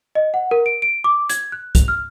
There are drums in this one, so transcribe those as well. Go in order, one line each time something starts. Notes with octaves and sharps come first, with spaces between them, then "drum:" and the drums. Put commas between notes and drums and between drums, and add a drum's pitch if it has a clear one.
D#5
F#5
A#4
D7
D7
D6
G#6, drum: hi-hat
F#6
F7, drum: kick, hi-hat
F6